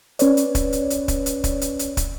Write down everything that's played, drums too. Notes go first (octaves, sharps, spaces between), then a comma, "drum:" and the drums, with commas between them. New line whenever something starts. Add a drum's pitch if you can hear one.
C#4 B4 C#5 D5, drum: hi-hat
drum: hi-hat
drum: kick, hi-hat
drum: hi-hat
drum: hi-hat
drum: kick, hi-hat
drum: hi-hat
drum: kick, hi-hat
drum: hi-hat
drum: hi-hat
drum: kick, hi-hat